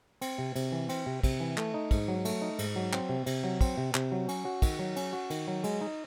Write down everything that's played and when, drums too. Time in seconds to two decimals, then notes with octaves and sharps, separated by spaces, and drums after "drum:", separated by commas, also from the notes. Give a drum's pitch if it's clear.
0.21 C4, drum: cymbal
0.38 C3
0.56 C3, drum: cymbal
0.72 E3
0.89 C4, drum: cymbal
1.06 C3
1.23 C3, drum: kick, cymbal
1.40 E3
1.58 A3, drum: clap
1.74 D#4
1.91 G#2, drum: kick, cymbal
2.08 F#3
2.25 A3, drum: cymbal
2.42 D#4
2.59 G#2, drum: cymbal
2.76 F#3
2.93 C4, drum: clap
3.09 C3
3.26 C3, drum: cymbal
3.44 F#3
3.61 C4, drum: kick, cymbal
3.78 C3
3.95 C3, drum: clap
4.12 F#3
4.28 C#4, drum: cymbal
4.45 F#4
4.62 D#3, drum: kick, cymbal
4.79 F#3
4.96 C#4, drum: cymbal
5.13 F#4
5.30 D#3, drum: cymbal
5.47 F#3
5.64 G#3, drum: cymbal
5.81 D#4